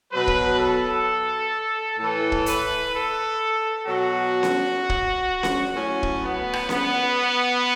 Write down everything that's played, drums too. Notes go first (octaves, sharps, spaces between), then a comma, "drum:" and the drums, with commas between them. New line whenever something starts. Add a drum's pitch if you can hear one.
B2 F#3 B4
drum: kick
A4
A2 E3 A4
drum: kick
B4, drum: hi-hat
A4
B2 F#3 F#4
drum: snare C#4
drum: kick
drum: snare C#4
A2 F#3 C#4
drum: kick
B3
drum: rim click
B3, drum: snare C#4